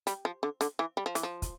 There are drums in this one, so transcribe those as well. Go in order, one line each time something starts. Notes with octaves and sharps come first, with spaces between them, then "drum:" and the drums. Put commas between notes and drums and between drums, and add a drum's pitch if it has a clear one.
G3, drum: hi-hat
F3
D3
D3, drum: hi-hat
E3
G3
F3
E3, drum: hi-hat
F3
drum: kick, hi-hat